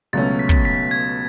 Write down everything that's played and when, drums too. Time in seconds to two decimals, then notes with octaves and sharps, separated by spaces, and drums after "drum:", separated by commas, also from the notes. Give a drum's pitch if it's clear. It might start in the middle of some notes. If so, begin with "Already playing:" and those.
0.13 C#2 B2 F#3 A3 C#4 A6
0.39 B6
0.49 drum: kick
0.65 B6
0.91 G#6